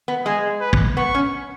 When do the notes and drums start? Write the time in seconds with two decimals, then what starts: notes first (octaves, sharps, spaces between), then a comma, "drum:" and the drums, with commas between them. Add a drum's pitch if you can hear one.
0.08 B3
0.25 G#3 G#4
0.61 B4
0.73 drum: kick
0.97 B3 C#6
1.15 C#4